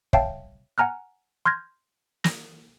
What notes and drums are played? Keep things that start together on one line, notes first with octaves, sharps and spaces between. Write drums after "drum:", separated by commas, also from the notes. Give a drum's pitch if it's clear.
C#5 E5 F5 G5 A5, drum: kick
F#5 G#5 A#5 F6 F#6
C6 F6 G6 G#6 A#6
A#6, drum: snare